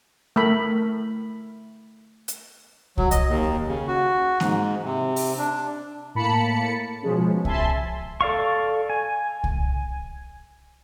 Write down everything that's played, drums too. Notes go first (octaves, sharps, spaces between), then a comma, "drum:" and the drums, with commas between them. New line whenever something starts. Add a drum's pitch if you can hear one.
A3 A#4 B5
drum: hi-hat
F#3, drum: kick C2
D#5, drum: hi-hat
D#2
C#3
F#4
G#2, drum: snare A#3
C3
drum: open hi-hat
D4
A2 A#3 A5 B5 C#7
B2 F3 G#3 C#4
E5 G#5 A5 B5 C6, drum: kick C2
A4 D5 F5 C#6
G#5
drum: kick C2